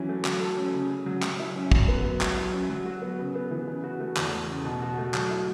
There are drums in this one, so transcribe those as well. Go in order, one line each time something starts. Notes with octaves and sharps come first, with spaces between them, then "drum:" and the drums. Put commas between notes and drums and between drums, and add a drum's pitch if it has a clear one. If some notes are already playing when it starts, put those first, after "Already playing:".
Already playing: E3 F#3 C#4
A3
F#3, drum: clap
A4
C#4
C#3
C#4
F#3
F#3, drum: clap
E4
C#4
F#2, drum: kick
B3
F#3
F#3, drum: clap
E4
C#4
F#3
F#4
B3
C#3
B3
E3
C#3
F#4
A3
E2, drum: clap
A3
C#3
B2
F#4
A3
F#3, drum: clap
E4